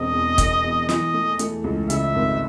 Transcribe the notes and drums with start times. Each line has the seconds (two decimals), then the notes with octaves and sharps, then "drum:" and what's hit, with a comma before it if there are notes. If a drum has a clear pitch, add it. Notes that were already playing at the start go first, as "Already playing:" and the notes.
Already playing: E1 C4 D#5
0.13 E2
0.38 E1, drum: kick, hi-hat
0.64 E2
0.89 E3 D#5, drum: snare
1.14 A3
1.39 A3, drum: hi-hat
1.64 C#2
1.90 C#3 E5, drum: hi-hat
2.15 G#1